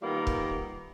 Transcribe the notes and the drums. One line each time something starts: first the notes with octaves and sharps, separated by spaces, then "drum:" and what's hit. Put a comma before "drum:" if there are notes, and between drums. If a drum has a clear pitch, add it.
D#3 G3 A#3 B3 F4
drum: kick C#1